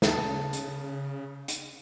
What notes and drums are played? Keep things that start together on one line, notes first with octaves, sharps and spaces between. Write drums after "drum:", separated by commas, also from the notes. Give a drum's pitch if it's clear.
C#3 A4, drum: snare
drum: hi-hat
drum: hi-hat